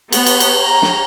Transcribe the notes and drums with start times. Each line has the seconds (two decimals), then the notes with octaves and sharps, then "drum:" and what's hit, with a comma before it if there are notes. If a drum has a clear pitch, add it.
0.12 B3, drum: cymbal
0.26 drum: cymbal
0.40 drum: cymbal
0.62 A#5
0.82 drum: snare